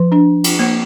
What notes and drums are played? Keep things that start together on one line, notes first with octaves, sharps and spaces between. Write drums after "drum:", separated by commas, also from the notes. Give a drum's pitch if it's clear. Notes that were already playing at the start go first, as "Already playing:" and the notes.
Already playing: F3
D4
drum: cymbal
A#3